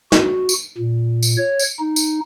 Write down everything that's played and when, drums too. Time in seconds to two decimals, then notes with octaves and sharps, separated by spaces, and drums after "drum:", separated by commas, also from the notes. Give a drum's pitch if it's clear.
0.12 F#4, drum: snare
0.49 drum: tambourine
0.78 A#2
1.23 drum: tambourine
1.38 C#5
1.59 drum: tambourine
1.79 D#4
1.96 drum: tambourine